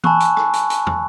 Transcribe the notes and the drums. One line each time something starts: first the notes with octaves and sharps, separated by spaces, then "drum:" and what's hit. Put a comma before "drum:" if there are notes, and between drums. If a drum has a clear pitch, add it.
G#5 A5 B5 C#6 E6 F#6, drum: tom
drum: hi-hat
drum: rim click
drum: hi-hat
drum: hi-hat
drum: tom